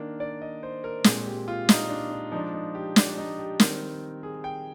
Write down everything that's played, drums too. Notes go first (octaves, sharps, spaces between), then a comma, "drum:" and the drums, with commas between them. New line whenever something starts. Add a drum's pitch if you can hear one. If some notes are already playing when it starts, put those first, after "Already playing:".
Already playing: D#3 A#3 D4
D5
D#5
C5
A#4
A#2 G#3 C4 G#4, drum: snare
G4
F4
D#4, drum: snare
D4
D4
F3 G#3 D4 D#4
D#4
G4
D4, drum: snare
D#4
G4
D#3 G3 C4, drum: snare
G#4
G5